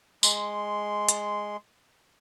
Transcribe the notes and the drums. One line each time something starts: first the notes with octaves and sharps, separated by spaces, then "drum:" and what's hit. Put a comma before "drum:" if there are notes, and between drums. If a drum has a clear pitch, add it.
G#3 C6, drum: tambourine
drum: hi-hat